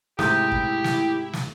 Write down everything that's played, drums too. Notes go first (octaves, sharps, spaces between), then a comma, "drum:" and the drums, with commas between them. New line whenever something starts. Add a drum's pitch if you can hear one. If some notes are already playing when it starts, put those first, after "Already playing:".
G#2 C3 A3 E4 G4 D#6 G6, drum: snare
drum: kick
drum: snare
drum: snare